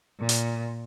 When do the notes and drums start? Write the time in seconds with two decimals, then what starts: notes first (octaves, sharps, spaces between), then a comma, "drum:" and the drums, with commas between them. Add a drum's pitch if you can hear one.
0.19 A#2
0.29 drum: hi-hat